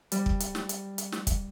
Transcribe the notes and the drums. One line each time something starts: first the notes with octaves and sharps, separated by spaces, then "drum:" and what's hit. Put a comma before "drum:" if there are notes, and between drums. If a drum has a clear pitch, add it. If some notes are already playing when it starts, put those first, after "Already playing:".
G3, drum: hi-hat
drum: kick
drum: hi-hat
drum: snare
drum: hi-hat
drum: hi-hat
drum: snare
drum: kick, hi-hat